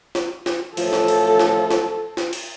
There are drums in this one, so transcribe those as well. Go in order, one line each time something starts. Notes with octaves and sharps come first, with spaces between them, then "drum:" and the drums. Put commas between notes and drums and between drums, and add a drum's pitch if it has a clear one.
drum: snare
drum: snare
A2 E3 F3 A4, drum: cymbal
drum: snare
drum: cymbal
drum: snare
drum: snare
drum: snare
drum: cymbal